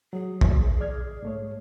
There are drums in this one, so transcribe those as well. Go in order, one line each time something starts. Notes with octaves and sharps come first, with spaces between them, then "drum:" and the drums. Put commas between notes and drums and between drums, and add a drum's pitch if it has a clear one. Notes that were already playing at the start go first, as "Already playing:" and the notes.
F#3 G#4
drum: kick
D5 F6 G#6
G#2 A3 C#5